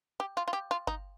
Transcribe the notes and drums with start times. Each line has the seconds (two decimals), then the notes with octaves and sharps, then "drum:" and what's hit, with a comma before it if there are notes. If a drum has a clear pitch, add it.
0.20 G4
0.37 F4
0.48 F4
0.53 G4
0.71 F4
0.87 D#4, drum: kick G1